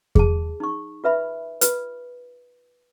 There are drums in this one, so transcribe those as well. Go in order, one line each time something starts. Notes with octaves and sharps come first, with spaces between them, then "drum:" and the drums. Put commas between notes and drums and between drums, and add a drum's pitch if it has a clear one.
G#4 A5, drum: kick E2
D#4 C#6
F4 B4 E5 B5
F4 B4, drum: hi-hat